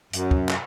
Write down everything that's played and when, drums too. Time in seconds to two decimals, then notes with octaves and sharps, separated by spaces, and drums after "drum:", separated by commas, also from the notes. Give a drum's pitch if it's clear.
0.13 F#2, drum: hi-hat
0.31 drum: kick
0.49 drum: clap